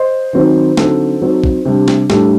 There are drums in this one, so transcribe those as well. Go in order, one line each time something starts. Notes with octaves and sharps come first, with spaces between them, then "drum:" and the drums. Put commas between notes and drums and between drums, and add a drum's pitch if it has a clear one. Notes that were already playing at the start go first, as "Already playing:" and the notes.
Already playing: C5 D#5
D#3 F#3 C4 D#4
D3 F#3 C4 D#4 A4, drum: snare
F#3 C4 D#4
drum: kick
C3 G3 D4 G4
drum: snare
A2 G3 D4 A4, drum: snare